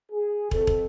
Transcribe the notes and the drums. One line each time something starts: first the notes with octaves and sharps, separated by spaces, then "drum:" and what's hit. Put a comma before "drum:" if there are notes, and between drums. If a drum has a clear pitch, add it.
G#4
F2 A4, drum: kick
drum: kick